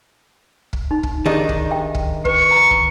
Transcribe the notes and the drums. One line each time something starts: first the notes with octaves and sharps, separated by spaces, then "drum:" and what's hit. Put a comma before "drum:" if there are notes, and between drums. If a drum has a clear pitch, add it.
drum: kick
D#4
drum: kick
D#3 D4 D#4 G4 G#4 D#5
drum: kick
E5 G5
drum: kick
B4 C#6, drum: kick
A#5
drum: kick